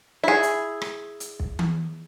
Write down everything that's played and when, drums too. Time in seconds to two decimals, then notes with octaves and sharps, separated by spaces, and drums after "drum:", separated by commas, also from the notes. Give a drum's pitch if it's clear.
0.24 E4 G#4
0.43 drum: hi-hat
0.82 drum: rim click
1.20 drum: hi-hat
1.40 drum: kick
1.59 drum: tom E3